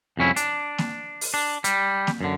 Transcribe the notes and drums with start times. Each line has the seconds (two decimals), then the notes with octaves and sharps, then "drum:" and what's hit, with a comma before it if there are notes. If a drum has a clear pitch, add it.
0.17 C2 F2 C#4 E4
0.36 D4, drum: hi-hat
0.78 drum: snare A#3
1.21 drum: open hi-hat
1.34 D4
1.64 G3, drum: hi-hat
2.07 drum: snare A#3
2.21 F#2 D3